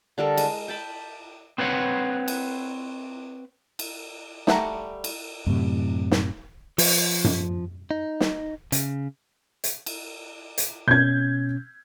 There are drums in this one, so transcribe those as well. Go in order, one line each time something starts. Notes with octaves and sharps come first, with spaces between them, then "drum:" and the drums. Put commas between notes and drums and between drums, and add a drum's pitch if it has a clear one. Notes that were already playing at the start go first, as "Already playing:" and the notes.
D3 G3 A4 A#4
G#3, drum: cymbal
G5 A5 B5
C4 B4 C#5 F5 F#5
drum: cymbal
drum: cymbal
G3 A3 F#5 A#5, drum: snare
drum: cymbal
F#2 A2 C3
drum: snare
F3, drum: open hi-hat
drum: tom F#2
D#4
drum: snare
C#3, drum: hi-hat
drum: hi-hat
drum: cymbal
drum: hi-hat
B2 C#4 G6 G#6